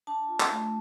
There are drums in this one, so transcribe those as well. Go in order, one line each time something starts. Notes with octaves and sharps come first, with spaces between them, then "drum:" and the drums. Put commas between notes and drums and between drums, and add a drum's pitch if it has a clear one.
D4 A5
F4
drum: clap
A3